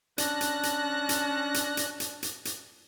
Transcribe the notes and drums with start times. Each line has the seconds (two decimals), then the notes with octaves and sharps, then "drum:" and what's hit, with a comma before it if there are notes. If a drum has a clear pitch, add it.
0.18 C#4 D4 A5 F#6 A#6, drum: hi-hat
0.41 drum: hi-hat
0.63 drum: hi-hat
1.09 drum: hi-hat
1.54 drum: hi-hat
1.77 drum: hi-hat
2.00 drum: hi-hat
2.23 drum: hi-hat
2.45 drum: hi-hat